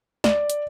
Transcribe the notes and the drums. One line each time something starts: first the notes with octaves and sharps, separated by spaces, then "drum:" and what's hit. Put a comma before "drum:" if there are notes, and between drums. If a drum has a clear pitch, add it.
D5, drum: snare
drum: hi-hat